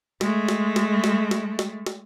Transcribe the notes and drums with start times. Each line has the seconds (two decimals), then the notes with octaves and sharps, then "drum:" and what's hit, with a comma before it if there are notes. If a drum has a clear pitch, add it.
0.21 G#3 A3, drum: snare
0.49 drum: snare
0.76 drum: snare
1.04 drum: snare
1.31 drum: snare
1.59 drum: snare
1.86 drum: snare